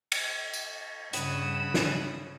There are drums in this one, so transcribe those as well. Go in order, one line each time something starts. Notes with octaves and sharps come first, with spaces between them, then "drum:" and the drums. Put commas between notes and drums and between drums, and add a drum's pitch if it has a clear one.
drum: cymbal
drum: tambourine
G2 C#3 F#5 B5 D#6 E7, drum: hi-hat
drum: snare